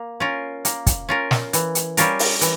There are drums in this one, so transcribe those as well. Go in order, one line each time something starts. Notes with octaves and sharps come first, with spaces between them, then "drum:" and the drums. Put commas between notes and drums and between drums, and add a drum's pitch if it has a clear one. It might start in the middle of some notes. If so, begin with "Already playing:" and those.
Already playing: A#3
C#4 F4 A#4
A#3, drum: hi-hat
drum: kick, hi-hat
C#4 F4 A#4
drum: snare
E3, drum: hi-hat
drum: hi-hat
G3 C#4 F4 A#4, drum: hi-hat
drum: open hi-hat
E3, drum: hi-hat